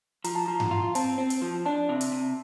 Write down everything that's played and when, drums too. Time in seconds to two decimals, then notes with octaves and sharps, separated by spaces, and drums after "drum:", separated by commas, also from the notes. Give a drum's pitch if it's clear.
0.24 F3 A#5, drum: hi-hat
0.35 A5
0.46 F3 A#5
0.60 drum: tom G2
0.71 F4
0.95 C4 A5, drum: hi-hat
1.18 C4
1.30 drum: hi-hat
1.42 F3
1.65 D4 A5
1.89 C3
2.01 drum: hi-hat
2.12 C3